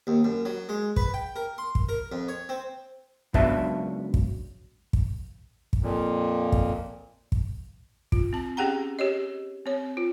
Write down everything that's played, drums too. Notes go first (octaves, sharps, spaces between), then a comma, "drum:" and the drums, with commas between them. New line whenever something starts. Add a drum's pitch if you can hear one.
D#2
F#2
F#3
G#3
B4, drum: kick
G5
A#4
C6
drum: kick
A#4
F2
C#5
C4
C#2 F#3 B3 D4 E5 A5, drum: kick
drum: kick
drum: kick
drum: kick
F2 A#2
drum: kick
drum: kick
F4, drum: kick
C4 A5
C#4 G4 G#4 F#5 G5 A#5
G4 C#5 D#5
C4 C#5
F4